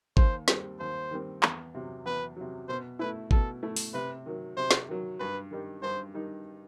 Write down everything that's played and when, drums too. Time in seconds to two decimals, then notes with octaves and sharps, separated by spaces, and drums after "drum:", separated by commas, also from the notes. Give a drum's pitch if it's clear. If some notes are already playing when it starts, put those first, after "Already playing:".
0.17 D#2 C5, drum: kick
0.48 D#3 G3 C4, drum: snare
0.79 D#2 C5
1.11 D#3 G3 C4
1.43 E2, drum: clap
1.75 C3 F#3
2.06 E2 B4
2.36 C3 F#3
2.69 B2 C5
2.99 A3 E4 B4
3.31 B2 A4, drum: kick
3.63 A3 E4
3.76 drum: open hi-hat
3.94 C3 B4
4.26 D#3 F#3
4.57 C3 C5
4.71 drum: snare
4.88 D#3 F#3
5.19 G2 B4
5.51 D#3 G3 D#4
5.83 G2 C5
6.14 D#3 G3 D#4